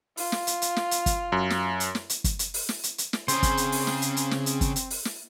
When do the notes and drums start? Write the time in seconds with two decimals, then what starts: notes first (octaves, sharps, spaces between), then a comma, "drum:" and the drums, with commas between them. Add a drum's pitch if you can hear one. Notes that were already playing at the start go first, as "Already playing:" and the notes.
0.17 F4, drum: open hi-hat
0.32 drum: snare
0.47 drum: hi-hat
0.62 drum: hi-hat
0.76 drum: snare
0.91 drum: hi-hat
1.06 drum: kick, hi-hat
1.32 F#2
1.50 drum: snare
1.80 drum: hi-hat
1.95 drum: snare
2.10 drum: hi-hat
2.24 drum: kick, hi-hat
2.39 drum: hi-hat
2.54 drum: open hi-hat
2.69 drum: snare
2.83 drum: hi-hat
2.98 drum: hi-hat
3.13 drum: snare
3.28 C#3 C4 G#4 C5, drum: hi-hat
3.43 drum: kick, hi-hat
3.57 drum: hi-hat
3.72 drum: open hi-hat
3.87 drum: snare
4.02 drum: hi-hat
4.17 drum: hi-hat
4.31 drum: snare
4.46 drum: hi-hat
4.61 drum: kick, hi-hat
4.76 drum: hi-hat
4.90 drum: open hi-hat
5.05 drum: snare